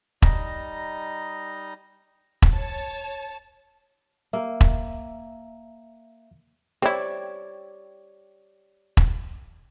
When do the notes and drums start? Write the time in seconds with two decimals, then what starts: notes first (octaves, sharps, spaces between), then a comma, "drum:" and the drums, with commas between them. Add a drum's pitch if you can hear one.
0.22 G3 D#4 D#5 A#5, drum: kick E1
2.42 drum: kick E1
2.53 C#5 A5
4.33 A#3 E5
4.61 drum: kick E1
6.82 C4 E4 G4 C#5 D5
8.97 drum: kick E1